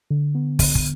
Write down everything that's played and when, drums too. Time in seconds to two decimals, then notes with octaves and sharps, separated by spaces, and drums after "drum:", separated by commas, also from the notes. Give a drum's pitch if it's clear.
0.10 D3
0.35 B3
0.59 D3, drum: kick, open hi-hat
0.75 drum: kick